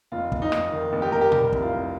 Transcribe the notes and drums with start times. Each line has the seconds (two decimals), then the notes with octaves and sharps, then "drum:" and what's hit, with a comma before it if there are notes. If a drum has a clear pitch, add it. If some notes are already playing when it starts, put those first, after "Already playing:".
0.12 F1 F4
0.32 F1, drum: kick
0.42 D#4
0.52 F1, drum: rim click
0.72 D#3
0.93 F1
1.02 G4
1.12 F1 A#4
1.21 G4
1.32 G3 A#4, drum: tom A#2
1.52 C2, drum: kick
1.62 F4
1.72 C2